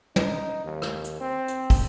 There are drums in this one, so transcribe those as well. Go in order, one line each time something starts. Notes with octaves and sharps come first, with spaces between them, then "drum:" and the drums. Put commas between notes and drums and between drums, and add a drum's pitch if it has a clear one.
D#4, drum: tom
D#2
drum: rim click
drum: hi-hat
C4
drum: hi-hat
drum: kick, open hi-hat